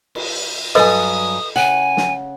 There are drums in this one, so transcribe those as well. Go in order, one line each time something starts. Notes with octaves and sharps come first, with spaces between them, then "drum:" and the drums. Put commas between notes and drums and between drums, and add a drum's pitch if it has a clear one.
drum: cymbal
G2 F#3 A4 B4 D#5 G#5 D#6
C#3 F#5 G#5
drum: snare